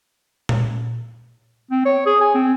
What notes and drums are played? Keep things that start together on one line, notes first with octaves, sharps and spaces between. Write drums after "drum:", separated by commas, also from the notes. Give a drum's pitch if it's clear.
drum: tom A#2
C4
C#5
G#4
G#5
C4